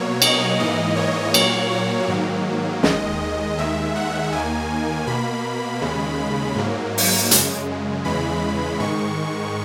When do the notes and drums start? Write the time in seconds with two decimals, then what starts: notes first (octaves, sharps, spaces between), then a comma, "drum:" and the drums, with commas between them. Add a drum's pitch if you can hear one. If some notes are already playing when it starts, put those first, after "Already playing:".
Already playing: B2 F#3 A#3 C#5
0.22 D#5, drum: cymbal
0.59 G#2 E3 A#3 D#5
0.96 C#5
1.34 A#2 F#3 A#3 C#5, drum: cymbal
1.71 C#5
2.08 G#2 D#3 F#3 A#3
2.83 D#2 D#3 G#3 D#5, drum: snare
3.58 D#2 D#3 G#3 E5
3.95 F#5
4.32 D#2 D#3 A#3 G#5
5.07 B2 A#3 B5
5.81 D#2 C#3 G#3
6.55 G#2 F#3 A#3
6.98 drum: open hi-hat
7.31 F#2 C#3 G#3, drum: hi-hat
8.05 E2 C#3 E3 G#3 B5
8.80 G#2 D#3 G#3 C#6